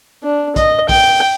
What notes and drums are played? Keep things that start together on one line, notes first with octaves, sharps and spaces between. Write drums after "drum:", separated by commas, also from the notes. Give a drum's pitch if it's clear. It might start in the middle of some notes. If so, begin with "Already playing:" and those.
D4
D#5, drum: kick, hi-hat
G5, drum: kick, open hi-hat